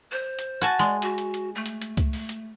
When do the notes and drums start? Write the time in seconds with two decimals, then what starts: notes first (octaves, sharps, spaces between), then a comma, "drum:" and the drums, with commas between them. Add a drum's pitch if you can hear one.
0.12 C5
0.39 drum: hi-hat
0.61 F#4 G#5 A5
0.79 G#3 D5
1.02 F#4, drum: hi-hat
1.18 drum: hi-hat
1.34 drum: hi-hat
1.55 A3
1.66 drum: hi-hat
1.81 drum: hi-hat
1.97 drum: kick C#2, hi-hat
2.13 drum: open hi-hat
2.29 drum: hi-hat